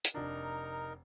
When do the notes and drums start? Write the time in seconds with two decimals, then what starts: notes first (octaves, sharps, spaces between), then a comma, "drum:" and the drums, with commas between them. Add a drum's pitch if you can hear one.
0.05 drum: hi-hat
0.14 F1 D4 D#4 A#4